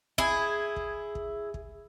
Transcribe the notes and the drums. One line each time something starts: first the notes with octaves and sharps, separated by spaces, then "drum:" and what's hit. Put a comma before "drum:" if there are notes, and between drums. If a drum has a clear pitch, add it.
E4 G#4, drum: kick
drum: kick
drum: kick
drum: kick